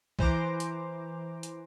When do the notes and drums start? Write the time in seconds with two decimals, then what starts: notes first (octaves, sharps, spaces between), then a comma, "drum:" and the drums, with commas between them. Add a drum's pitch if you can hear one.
0.19 E3 C5 A#5 D6, drum: kick
0.60 drum: hi-hat
1.43 drum: hi-hat